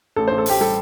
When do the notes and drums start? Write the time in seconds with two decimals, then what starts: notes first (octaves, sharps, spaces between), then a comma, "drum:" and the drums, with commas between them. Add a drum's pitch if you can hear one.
0.16 A1 A4
0.28 C5
0.31 A1
0.38 A4
0.46 A1 G4, drum: open hi-hat
0.61 G3 A4